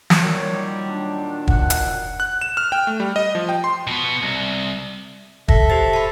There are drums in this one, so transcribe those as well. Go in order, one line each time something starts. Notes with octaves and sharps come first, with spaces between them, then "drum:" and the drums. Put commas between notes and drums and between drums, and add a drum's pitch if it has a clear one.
drum: snare
A#2 D#3 F#3 G3 C#5
D4
F#5, drum: kick
drum: hi-hat
F#6
E7
F6
G5
A3
G3
D#5
F3
G5
C6
B2 B3
C2
A4 E5 A#6, drum: kick
G4 C5 A6
A5 B5